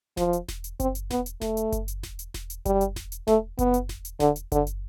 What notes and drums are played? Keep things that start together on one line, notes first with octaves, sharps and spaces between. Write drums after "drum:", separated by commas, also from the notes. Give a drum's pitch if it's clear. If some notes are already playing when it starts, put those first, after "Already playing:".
F3, drum: snare E1
drum: hi-hat
drum: snare E1
drum: hi-hat
C4, drum: kick F#1, hi-hat
drum: hi-hat
B3, drum: snare E1
drum: hi-hat
A3, drum: snare E1
drum: hi-hat
drum: kick F#1, hi-hat
drum: hi-hat
drum: snare E1
drum: hi-hat
drum: snare E1
drum: hi-hat
G3, drum: kick F#1, hi-hat
drum: hi-hat
drum: snare E1
drum: hi-hat
A3, drum: snare E1
B3, drum: kick F#1, hi-hat
drum: hi-hat
drum: snare E1
drum: hi-hat
D3, drum: snare E1
drum: hi-hat
D3, drum: kick F#1, hi-hat
drum: hi-hat